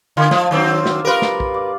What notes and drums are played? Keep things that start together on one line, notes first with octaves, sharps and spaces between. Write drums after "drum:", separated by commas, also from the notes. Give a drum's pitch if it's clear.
D3 F4
F3, drum: snare
D#3 F#3 C4 D4 D5 D#5
drum: snare
G3 F4 A#4 B4
drum: snare
drum: kick
D5